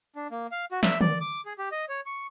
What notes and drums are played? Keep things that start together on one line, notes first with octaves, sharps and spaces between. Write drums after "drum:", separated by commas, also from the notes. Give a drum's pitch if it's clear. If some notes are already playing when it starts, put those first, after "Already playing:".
D4
A#3
F5
F#4
E5, drum: snare
D5, drum: tom
D6
G#4
G4
D#5
C#5
C#6